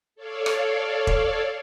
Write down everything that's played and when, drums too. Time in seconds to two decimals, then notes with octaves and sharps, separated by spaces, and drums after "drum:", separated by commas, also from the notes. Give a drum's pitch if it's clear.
0.15 A4 C#5 D5 F5
0.46 drum: rim click
1.07 drum: kick E1